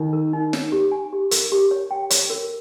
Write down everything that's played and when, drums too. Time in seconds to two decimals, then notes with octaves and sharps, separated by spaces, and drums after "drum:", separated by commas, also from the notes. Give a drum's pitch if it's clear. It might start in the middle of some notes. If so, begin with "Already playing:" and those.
Already playing: D#3 D#4
0.13 A#4
0.33 D#4
0.53 C#5, drum: snare
0.72 G4
0.92 G#5
1.13 G4
1.31 A#4, drum: hi-hat
1.52 G4
1.71 C#5
1.91 G5
2.10 C#5, drum: hi-hat
2.30 A#4